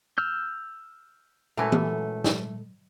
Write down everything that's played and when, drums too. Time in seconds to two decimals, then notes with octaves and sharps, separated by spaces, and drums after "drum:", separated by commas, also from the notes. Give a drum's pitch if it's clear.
0.18 E6 F6 G6
1.57 F#2 A#2 E3 G#3 A3 A4 G#5 A#5
1.72 drum: tom E3
2.24 drum: snare